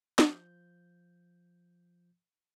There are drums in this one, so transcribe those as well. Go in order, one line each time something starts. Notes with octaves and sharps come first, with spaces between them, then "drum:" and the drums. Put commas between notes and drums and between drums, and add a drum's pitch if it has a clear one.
F3 G6, drum: snare